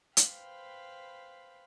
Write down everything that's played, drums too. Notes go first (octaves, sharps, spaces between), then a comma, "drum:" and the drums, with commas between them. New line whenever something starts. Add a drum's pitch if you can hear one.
B4 C5 F5 G5 B5, drum: hi-hat